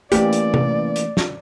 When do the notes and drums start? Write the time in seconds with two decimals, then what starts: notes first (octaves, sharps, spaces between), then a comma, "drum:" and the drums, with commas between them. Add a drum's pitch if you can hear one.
0.12 E3 A3 A#3 C4 C#4 G4 D5, drum: hi-hat
0.33 drum: hi-hat
0.54 drum: tom C3
0.96 drum: hi-hat
1.17 drum: snare